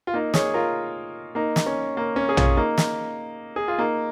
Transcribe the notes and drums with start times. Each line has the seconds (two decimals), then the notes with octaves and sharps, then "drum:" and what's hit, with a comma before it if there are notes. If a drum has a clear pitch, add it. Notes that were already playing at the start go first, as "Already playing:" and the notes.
0.07 F4
0.14 A#3 D#4
0.34 G#4 C#5, drum: snare
0.54 F4 A#4
1.35 A#3 D#4
1.56 drum: snare
1.66 C#4
1.97 A#3
2.16 C#4
2.29 G#4
2.37 C#4 F4, drum: tom A#1
2.57 A#3 D#4
2.78 drum: snare
3.56 G#4
3.68 F4
3.79 A#3 D#4